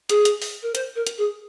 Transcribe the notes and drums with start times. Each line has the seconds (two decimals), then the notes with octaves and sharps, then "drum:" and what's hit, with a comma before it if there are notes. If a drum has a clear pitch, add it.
0.09 G#4, drum: hi-hat
0.25 drum: hi-hat
0.42 drum: open hi-hat
0.62 A#4
0.75 C5, drum: hi-hat
0.95 A#4
1.07 drum: hi-hat
1.18 G#4